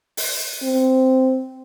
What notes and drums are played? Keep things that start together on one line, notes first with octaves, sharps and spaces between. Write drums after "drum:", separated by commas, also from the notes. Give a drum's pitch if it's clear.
drum: open hi-hat
C4